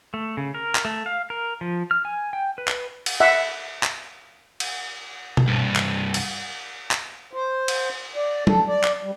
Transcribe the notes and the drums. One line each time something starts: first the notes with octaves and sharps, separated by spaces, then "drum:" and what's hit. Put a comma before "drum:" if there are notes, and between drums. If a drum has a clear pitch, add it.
A3
C#3
A#4
drum: clap
A3
F5
A#4
F3
F6
G#5
G5
B4
drum: clap
drum: cymbal
E5 F#5
drum: clap
drum: cymbal
drum: tom B2
C2 G2
drum: clap
drum: cymbal
drum: clap
C5
drum: cymbal
D5
A4, drum: tom F#3
D5
drum: clap
G3